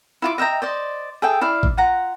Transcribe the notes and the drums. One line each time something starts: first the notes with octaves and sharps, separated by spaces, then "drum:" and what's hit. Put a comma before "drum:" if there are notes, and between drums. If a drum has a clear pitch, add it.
E4 F4 D6
D#5 E5 G5 A#5
C5 D5 D#5
G#4 A4 E5 G5
E4 D5 F5
drum: kick A1
F4 F#5 A#5